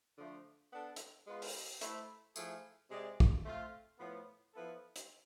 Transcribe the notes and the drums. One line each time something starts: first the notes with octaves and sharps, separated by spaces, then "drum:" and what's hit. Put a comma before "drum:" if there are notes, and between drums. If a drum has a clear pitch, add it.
D3 F3 A3
B3 D4 A4
drum: hi-hat
G#3 B3 F4 B4
drum: open hi-hat
A3 E4 A4 C5 E5, drum: hi-hat
F3 A3 E4 G#4, drum: tambourine
C3 G#3 C4 G#4 D5
drum: kick
A3 C4 F4
A2 F3 B3
F3 B3 E4 A4
drum: hi-hat